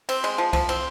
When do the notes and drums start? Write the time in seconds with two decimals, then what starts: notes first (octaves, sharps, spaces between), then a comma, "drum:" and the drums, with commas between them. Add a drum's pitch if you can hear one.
0.09 C4, drum: cymbal
0.24 G#3, drum: cymbal
0.38 F3
0.53 F3, drum: kick C2, cymbal
0.69 C4, drum: cymbal